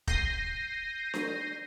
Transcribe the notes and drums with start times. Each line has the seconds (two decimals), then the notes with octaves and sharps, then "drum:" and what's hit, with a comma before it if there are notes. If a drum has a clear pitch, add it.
0.07 G6 A#6 C7 D#7, drum: kick
1.14 drum: snare D4